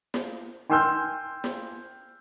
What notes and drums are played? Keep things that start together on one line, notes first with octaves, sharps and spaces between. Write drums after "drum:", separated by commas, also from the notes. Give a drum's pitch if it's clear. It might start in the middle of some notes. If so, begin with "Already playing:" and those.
drum: snare
G5 G#5 C6 E6 F6 G6
drum: snare